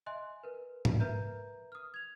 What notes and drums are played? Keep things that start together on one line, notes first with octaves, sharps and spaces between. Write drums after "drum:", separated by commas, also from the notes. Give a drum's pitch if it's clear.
D#5 E5 G#5 C6 F#6
A#4 B4
drum: tom G#2
A#4 B4 E5 A#5 G6
D#6 F6
G#6 F7